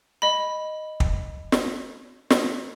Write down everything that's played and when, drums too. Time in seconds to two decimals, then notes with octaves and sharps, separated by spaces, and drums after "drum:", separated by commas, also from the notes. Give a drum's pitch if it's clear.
0.22 D#5 B5
1.00 drum: kick
1.52 drum: snare
2.30 drum: snare